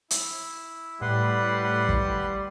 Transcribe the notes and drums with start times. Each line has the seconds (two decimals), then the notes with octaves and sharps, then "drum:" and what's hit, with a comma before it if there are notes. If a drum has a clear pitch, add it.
0.11 E4, drum: hi-hat
1.01 A2 G3 B4 F#5 C6
1.89 drum: kick